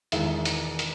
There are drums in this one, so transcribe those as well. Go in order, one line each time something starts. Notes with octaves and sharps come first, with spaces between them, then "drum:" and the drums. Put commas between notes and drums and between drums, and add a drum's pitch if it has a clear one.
E1 E2 D#3 G#3 E5, drum: hi-hat
drum: hi-hat
drum: hi-hat